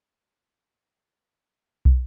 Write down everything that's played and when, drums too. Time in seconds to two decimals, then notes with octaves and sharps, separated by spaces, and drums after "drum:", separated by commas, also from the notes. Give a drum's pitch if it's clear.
0.15 D3 G#3 B3 D#4 F#6
0.73 F2 D#5
1.40 G3 G#4 C#6
1.85 drum: kick